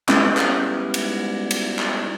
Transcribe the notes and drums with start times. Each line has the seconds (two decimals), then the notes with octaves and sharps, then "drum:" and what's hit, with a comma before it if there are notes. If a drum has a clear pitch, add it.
0.09 G3 G#3 B3 C#4 E4, drum: clap
0.37 drum: clap
0.94 drum: cymbal
1.51 drum: cymbal
1.79 drum: clap